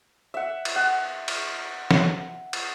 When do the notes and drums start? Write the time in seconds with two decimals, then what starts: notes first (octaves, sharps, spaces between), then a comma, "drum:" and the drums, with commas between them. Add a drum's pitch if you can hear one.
0.34 E5 F#5
0.65 drum: cymbal
0.76 F#5
1.28 drum: cymbal
1.91 drum: snare
2.53 drum: cymbal